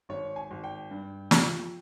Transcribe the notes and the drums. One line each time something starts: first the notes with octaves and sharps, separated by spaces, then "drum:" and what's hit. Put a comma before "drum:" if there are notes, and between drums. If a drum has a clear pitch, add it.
G#1 C#5
G#5
G#1
G5
G2
F3, drum: snare